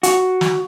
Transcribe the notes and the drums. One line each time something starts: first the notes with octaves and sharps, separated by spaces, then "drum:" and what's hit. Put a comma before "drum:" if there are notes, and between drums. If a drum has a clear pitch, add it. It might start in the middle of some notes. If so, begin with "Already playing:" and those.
F#4, drum: hi-hat
drum: snare